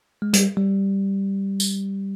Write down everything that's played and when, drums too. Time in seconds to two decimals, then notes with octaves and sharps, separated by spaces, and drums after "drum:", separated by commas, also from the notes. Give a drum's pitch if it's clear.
0.22 G#3
0.33 G3, drum: hi-hat
0.57 G3
1.60 drum: tambourine